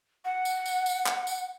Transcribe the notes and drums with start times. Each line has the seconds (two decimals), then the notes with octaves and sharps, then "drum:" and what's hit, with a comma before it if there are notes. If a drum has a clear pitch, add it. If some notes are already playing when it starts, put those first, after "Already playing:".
0.25 F#5
0.45 drum: tambourine
0.66 drum: tambourine
0.86 drum: tambourine
1.06 drum: clap
1.27 drum: tambourine